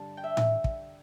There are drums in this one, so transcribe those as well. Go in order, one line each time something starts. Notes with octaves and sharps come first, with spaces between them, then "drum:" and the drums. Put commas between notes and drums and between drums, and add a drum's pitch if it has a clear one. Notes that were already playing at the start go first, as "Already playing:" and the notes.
Already playing: G2 D3 G3 A5
G5
E5
drum: tom A2
drum: kick